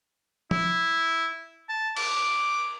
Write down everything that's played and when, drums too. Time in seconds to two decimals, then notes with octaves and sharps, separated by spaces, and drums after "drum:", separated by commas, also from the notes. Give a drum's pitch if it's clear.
0.51 E4, drum: tom
1.69 A5
1.97 D6, drum: cymbal